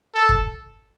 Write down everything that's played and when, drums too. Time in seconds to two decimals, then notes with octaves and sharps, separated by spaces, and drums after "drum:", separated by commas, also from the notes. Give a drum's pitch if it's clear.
0.14 A4
0.29 drum: kick